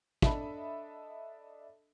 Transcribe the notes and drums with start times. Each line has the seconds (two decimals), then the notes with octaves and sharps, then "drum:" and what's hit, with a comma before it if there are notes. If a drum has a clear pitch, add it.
0.22 D4 A4 D#5 E5 A5 B5, drum: kick